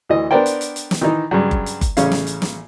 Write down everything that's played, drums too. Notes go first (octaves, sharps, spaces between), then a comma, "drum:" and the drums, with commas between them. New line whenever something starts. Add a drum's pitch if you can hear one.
D2 E3 D#5
B3 D4 A#4 C5 D5 G5
drum: hi-hat
drum: hi-hat
drum: hi-hat
drum: snare
D#3 E3 D#4
G2 C#3 F#3
drum: kick F#1
drum: hi-hat
drum: kick F#1, hi-hat
A1 C#3 C#4 F5, drum: hi-hat
drum: snare
drum: hi-hat
drum: snare